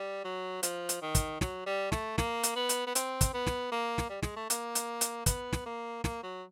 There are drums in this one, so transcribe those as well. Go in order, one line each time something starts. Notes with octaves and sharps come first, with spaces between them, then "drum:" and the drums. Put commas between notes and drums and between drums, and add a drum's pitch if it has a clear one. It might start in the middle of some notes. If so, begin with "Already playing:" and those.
Already playing: G3
F#3
F3, drum: hi-hat
drum: hi-hat
D#3
drum: kick, hi-hat
F#3, drum: snare
G3
A3, drum: snare
A#3, drum: snare
drum: hi-hat
B3
drum: hi-hat
B3
C4, drum: hi-hat
drum: kick, hi-hat
B3
drum: snare
A#3
drum: snare
G3
G#3, drum: snare
A3
A#3, drum: hi-hat
drum: hi-hat
drum: hi-hat
B3, drum: kick, hi-hat
drum: snare
A#3
A#3, drum: snare
F#3